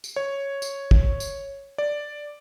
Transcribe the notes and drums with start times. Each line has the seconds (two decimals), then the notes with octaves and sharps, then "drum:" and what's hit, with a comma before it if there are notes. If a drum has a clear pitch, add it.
0.04 drum: tambourine
0.16 C#5
0.62 drum: tambourine
0.91 drum: kick
1.20 drum: tambourine
1.78 D5